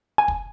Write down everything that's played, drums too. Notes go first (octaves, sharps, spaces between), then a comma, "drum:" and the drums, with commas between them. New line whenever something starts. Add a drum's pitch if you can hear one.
G#5
drum: kick